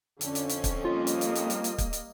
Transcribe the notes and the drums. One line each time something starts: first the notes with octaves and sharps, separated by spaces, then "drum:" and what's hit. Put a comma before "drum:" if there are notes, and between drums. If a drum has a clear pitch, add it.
F2 D3 C#4, drum: hi-hat
drum: hi-hat
drum: hi-hat
drum: kick, hi-hat
G3 A#3 F4 D#5
drum: hi-hat
drum: hi-hat
drum: hi-hat
drum: hi-hat
drum: hi-hat
drum: kick, hi-hat
drum: hi-hat